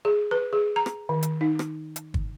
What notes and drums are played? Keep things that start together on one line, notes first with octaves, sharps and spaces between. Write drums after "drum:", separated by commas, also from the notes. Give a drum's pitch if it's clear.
G#4
B4
G#4
A#5
drum: rim click
D#3
drum: hi-hat
D#4
drum: rim click
drum: hi-hat
drum: kick